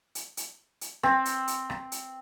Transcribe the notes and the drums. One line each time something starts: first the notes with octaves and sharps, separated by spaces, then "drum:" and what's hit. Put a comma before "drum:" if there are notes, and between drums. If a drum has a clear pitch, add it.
drum: hi-hat
drum: hi-hat
drum: hi-hat
C4, drum: rim click
drum: hi-hat
drum: hi-hat
drum: rim click
drum: hi-hat